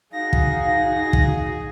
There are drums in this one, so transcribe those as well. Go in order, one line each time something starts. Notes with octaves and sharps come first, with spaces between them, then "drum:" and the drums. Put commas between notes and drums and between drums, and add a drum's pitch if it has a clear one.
D#4 F#4 G#4 F5 A#6
drum: kick
drum: kick